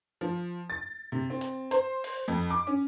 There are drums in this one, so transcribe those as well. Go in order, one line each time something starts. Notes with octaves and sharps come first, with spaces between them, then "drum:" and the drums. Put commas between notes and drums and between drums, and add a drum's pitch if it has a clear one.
F3
A6
C3
C4
drum: hi-hat
C5, drum: hi-hat
drum: open hi-hat
F2
D6
C#4